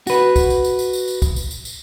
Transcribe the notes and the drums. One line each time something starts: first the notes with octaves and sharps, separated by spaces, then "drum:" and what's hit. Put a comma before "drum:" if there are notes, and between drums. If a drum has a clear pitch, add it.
F#4 B4, drum: tambourine
drum: kick, tambourine
drum: tambourine
drum: tambourine
drum: tambourine
drum: tambourine
drum: tambourine
drum: kick, tambourine
drum: tambourine
drum: tambourine
drum: tambourine